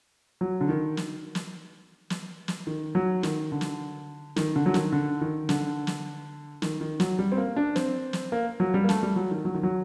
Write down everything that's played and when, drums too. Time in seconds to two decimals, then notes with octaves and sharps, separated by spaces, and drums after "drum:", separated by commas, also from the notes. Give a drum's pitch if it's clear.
0.41 F#3
0.61 D3
0.69 D#3
0.97 drum: snare
1.35 drum: snare
2.10 drum: snare
2.48 drum: snare
2.67 D#3
2.95 F#3
3.23 D#3, drum: snare
3.52 D3
3.61 drum: snare
4.36 D#3, drum: snare
4.56 D3
4.66 F#3
4.74 D#3, drum: snare
4.92 D3
5.21 D#3
5.49 D3, drum: snare
5.87 drum: snare
6.62 D#3, drum: snare
6.81 D#3
7.00 F#3, drum: snare
7.19 G3
7.32 C4
7.37 A#3
7.56 D4
7.76 C4, drum: snare
8.13 drum: snare
8.32 A#3
8.60 F#3
8.74 G3
8.84 A#3
8.89 A3, drum: snare
9.03 G3
9.16 F#3
9.31 D#3
9.45 F#3
9.55 D#3
9.63 F#3